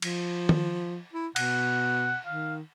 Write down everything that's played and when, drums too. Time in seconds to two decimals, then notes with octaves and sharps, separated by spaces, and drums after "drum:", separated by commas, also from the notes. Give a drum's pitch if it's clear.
0.02 F3, drum: cymbal
0.49 drum: tom D#3
1.13 E4
1.36 B2 F#5, drum: cymbal
2.26 D#3 F5